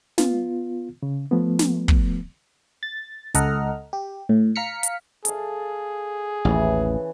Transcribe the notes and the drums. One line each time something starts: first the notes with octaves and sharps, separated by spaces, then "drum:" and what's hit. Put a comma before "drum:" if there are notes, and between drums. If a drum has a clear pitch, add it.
B3 F4, drum: snare
C#3
F3 A3 B3
drum: snare
drum: kick
A6
C#2 A4 D#5 F#5 A#5 F6, drum: hi-hat
G4
A2
F5 A#5 F6 B6 C#7
drum: hi-hat
G#4 A4 F5, drum: hi-hat
A1 D#2 C#3 E3